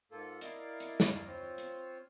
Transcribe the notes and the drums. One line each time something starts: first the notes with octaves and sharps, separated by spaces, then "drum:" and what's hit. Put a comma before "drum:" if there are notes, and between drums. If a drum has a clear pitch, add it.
G#2 A#3 F4 A4
E4 A#4 D5 D#5 F5, drum: hi-hat
drum: hi-hat
drum: snare
C4 F4 C5 C#5
drum: hi-hat